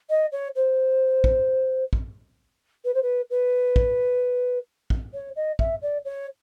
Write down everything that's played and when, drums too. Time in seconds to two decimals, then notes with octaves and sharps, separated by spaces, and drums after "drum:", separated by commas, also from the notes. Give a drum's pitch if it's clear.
0.10 D#5
0.32 C#5
0.56 C5
1.24 drum: kick
1.93 drum: kick
2.85 B4
2.94 C5
3.02 B4
3.30 B4
3.76 drum: kick
4.90 drum: kick
5.14 C#5
5.36 D#5
5.59 E5, drum: kick
5.82 D5
6.05 C#5